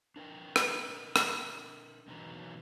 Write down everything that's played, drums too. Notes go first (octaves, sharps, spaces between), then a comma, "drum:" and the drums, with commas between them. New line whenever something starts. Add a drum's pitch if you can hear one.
D4 A#4 B4 G5
drum: rim click
drum: rim click
B2 D#3 E3 F#3 B4 A#5